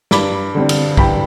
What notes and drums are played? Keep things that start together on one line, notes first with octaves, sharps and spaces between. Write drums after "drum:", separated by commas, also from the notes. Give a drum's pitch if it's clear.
G2 B5 D6, drum: snare
D3 G3 C4
drum: cymbal
G2 G5 B5, drum: kick